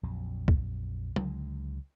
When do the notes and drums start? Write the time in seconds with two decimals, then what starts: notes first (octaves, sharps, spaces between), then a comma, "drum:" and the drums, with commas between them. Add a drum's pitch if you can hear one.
0.03 A#1 F2 F#3
0.48 drum: kick C2
1.16 C#2 D3 F#3 G#3, drum: tom F#3